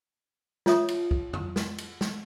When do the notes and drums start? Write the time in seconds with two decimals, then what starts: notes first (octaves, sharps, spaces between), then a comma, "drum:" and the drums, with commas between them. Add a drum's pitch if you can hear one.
0.66 F4 C#5 E5 D#6, drum: snare
0.88 drum: cymbal
1.11 drum: kick
1.33 drum: tom F2
1.56 drum: snare
1.78 drum: cymbal
2.01 drum: snare